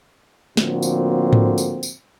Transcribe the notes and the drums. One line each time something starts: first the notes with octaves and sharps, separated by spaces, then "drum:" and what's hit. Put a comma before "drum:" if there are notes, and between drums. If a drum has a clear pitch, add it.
A2 D3 F3 A#3 C4 F#4, drum: snare
drum: tambourine
drum: tom G#2
drum: tambourine
drum: tambourine